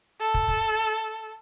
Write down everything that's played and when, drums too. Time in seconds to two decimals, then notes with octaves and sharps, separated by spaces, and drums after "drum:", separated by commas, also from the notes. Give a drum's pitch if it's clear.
0.20 A4
0.34 drum: kick
0.48 drum: kick